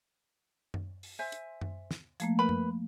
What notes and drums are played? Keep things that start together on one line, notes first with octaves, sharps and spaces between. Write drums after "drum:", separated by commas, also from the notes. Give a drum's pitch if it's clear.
drum: tom F#2
drum: open hi-hat
C5 E5 G#5
drum: hi-hat
drum: tom F#2
drum: snare
F3 A3 A#3, drum: hi-hat
A#4 B4 B5
drum: tom F#2